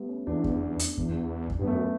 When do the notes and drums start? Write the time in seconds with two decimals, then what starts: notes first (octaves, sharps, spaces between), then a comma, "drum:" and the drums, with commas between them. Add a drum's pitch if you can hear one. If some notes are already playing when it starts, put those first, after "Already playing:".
Already playing: G3 A3 B3
0.09 C#4
0.27 E2 D4
0.44 drum: kick F2
0.79 drum: hi-hat
0.98 E2, drum: kick F2
1.50 drum: kick F2
1.59 G2 B3
1.67 F#2 A3